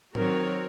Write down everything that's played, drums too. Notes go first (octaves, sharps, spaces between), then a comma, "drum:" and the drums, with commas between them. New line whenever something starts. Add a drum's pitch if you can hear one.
D#3 F#3 C4 F#4 A#4 C#5, drum: tom